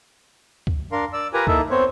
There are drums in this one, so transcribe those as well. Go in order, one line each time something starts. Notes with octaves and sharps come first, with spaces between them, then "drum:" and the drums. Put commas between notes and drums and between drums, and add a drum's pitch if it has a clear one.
drum: kick C#2
D4 A#4 F5 C6
D5 E6
F4 G4 A#4 B4 G#5 A#5
A#3 D#4 E4 A4 E5, drum: kick C#2
B3 C4 C5 C#5